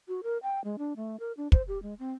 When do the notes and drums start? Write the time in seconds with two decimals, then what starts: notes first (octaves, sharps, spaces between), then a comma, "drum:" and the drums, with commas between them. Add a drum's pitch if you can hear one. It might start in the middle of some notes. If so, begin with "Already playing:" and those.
0.08 F#4
0.23 A#4
0.43 G5
0.64 G#3
0.78 D4
0.96 A3
1.20 A#4
1.37 D4
1.52 C5, drum: kick
1.68 G4
1.82 G#3
1.99 C4